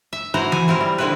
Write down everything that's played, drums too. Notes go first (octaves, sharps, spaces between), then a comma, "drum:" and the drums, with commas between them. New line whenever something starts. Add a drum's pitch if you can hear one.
E5
E3 E4 F#4 C5 A#5
G#5, drum: tom E3
C4 E4 G4 A#4
G3
D3 D#3 C4 E4 F#4 B4